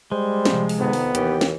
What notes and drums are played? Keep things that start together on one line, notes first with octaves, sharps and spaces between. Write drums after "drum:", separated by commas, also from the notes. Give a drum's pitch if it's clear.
G3 G#3 C5
C3 F3, drum: snare
drum: open hi-hat
F2 D#3 B3
drum: open hi-hat
D#2 E3 G4, drum: hi-hat
drum: snare